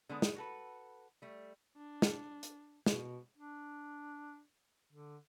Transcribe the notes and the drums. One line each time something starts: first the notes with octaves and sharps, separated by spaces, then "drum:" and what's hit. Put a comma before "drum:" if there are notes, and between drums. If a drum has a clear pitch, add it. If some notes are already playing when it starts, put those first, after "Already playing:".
D3 G#3 B3
D#4, drum: snare
F#4 A4 B4
G3 A3
D4
drum: snare
drum: hi-hat
B2, drum: snare
D4
D3